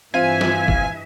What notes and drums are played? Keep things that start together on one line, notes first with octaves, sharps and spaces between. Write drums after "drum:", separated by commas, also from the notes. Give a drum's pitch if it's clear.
G2 E3 C4 F4 E5 G#5
drum: snare
drum: kick